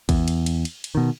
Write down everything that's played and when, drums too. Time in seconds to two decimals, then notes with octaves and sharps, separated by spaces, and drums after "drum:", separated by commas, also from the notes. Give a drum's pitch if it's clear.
0.09 E2, drum: kick, cymbal
0.28 drum: cymbal
0.46 drum: cymbal
0.65 drum: cymbal
0.84 drum: cymbal
0.95 B2 D#3